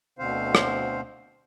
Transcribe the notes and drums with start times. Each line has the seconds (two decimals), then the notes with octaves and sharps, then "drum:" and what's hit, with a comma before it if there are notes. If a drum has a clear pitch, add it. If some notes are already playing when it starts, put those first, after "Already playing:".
0.19 D2 B2 D3 C4 C5 F5
0.55 drum: rim click